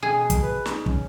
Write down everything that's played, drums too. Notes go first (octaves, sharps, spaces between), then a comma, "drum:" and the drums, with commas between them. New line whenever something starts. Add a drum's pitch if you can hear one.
B2 G#4
drum: kick, hi-hat
B4
D#4, drum: snare
C#4, drum: kick